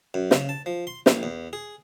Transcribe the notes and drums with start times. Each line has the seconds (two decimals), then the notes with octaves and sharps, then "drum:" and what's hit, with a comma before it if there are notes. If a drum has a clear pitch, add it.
0.14 F#2
0.31 C#3, drum: snare
0.49 A5
0.66 F3
0.87 C6
1.06 A#1, drum: snare
1.23 E2
1.53 G#4